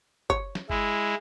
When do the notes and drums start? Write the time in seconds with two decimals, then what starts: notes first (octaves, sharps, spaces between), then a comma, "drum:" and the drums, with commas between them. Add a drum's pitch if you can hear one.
0.30 C#5, drum: kick
0.55 drum: snare
0.70 G#3 E4, drum: kick